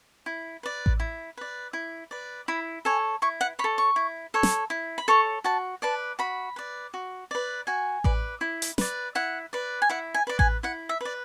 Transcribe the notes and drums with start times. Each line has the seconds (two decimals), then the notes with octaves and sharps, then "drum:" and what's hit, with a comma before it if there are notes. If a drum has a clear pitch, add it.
0.26 E4
0.63 B4 D5
0.86 drum: kick A1
1.00 E4
1.37 B4 D5
1.73 E4
2.11 B4 D5
2.48 E4 B5
2.85 A4 C#5 G#5
3.22 E4 C#6
3.41 F#5
3.59 C#5 B5
3.64 A4
3.78 C#6
3.96 E4
4.34 A4 C#5
4.43 drum: snare
4.70 E4
4.98 B5
5.08 A4 C#5 C#6
5.44 F#4 A5
5.82 B4 D5 A5
6.19 F#4 B5
6.56 B4 D5
6.94 F#4
7.31 B4 D5
7.67 F#4 G#5
8.04 B4 D5, drum: kick A1
8.41 E4
8.62 drum: hi-hat
8.78 B4 D5, drum: snare
9.15 E4 F#5
9.53 B4 D5
9.82 G#5
9.89 E4 F#5
10.14 G#5
10.27 B4 D5
10.39 G#5, drum: kick A1
10.63 E4 F#5
10.89 E5
11.01 B4 D5